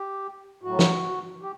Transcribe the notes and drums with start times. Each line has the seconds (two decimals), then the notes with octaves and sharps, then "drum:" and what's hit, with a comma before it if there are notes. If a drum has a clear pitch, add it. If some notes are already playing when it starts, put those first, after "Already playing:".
Already playing: G4
0.63 A2 F#3 F#4
0.79 drum: snare
1.42 G4